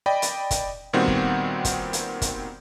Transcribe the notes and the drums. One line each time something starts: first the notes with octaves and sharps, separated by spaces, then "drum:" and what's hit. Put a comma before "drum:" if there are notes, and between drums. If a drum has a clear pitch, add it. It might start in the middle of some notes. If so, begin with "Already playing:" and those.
D5 D#5 G5 B5
drum: hi-hat
drum: kick, hi-hat
A#2 D#3 G3 B3 C4 F#4
drum: kick
drum: kick, hi-hat
drum: hi-hat
drum: kick, hi-hat